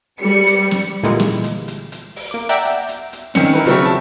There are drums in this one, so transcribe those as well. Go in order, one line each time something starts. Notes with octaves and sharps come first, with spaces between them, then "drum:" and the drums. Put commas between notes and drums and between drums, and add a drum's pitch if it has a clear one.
G3 C#7
drum: hi-hat
drum: snare
A#2 D3 E3 G3 G#3 A#3
drum: snare
drum: hi-hat
drum: hi-hat
drum: hi-hat
drum: open hi-hat
A#3 D6
D5 E5 F#5 G5 A#5 D6
drum: hi-hat
drum: hi-hat
drum: hi-hat
D#3 C4 C#4 C#7, drum: snare
E4 A#4 B4
C#3 F#3 A3 C4 C5 C#5
A5